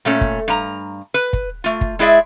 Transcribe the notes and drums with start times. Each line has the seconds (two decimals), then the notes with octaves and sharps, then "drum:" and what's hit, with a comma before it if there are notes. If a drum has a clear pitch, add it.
0.05 A#2 A3 C#4
0.21 drum: kick
0.48 G2 A#5
1.14 B4
1.33 drum: kick
1.64 A3 F4
1.81 drum: kick
1.99 G#3 E4 G#4 D5 E5